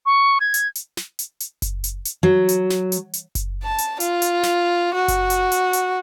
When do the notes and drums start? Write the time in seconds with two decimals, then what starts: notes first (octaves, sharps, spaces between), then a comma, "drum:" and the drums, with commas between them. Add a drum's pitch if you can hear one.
0.06 C#6
0.40 G#6
0.54 drum: hi-hat
0.75 drum: hi-hat
0.97 drum: snare
1.19 drum: hi-hat
1.40 drum: hi-hat
1.62 drum: kick F#1, hi-hat
1.84 drum: hi-hat
2.05 drum: hi-hat
2.23 F#3
2.49 drum: hi-hat
2.70 drum: snare
2.92 drum: hi-hat
3.13 drum: hi-hat
3.35 drum: kick F#1, hi-hat
3.63 A5
3.78 drum: hi-hat
4.00 F4, drum: hi-hat
4.22 drum: hi-hat
4.43 drum: snare
4.94 F#4
5.08 drum: kick F#1, hi-hat
5.30 drum: hi-hat
5.52 drum: hi-hat
5.73 drum: hi-hat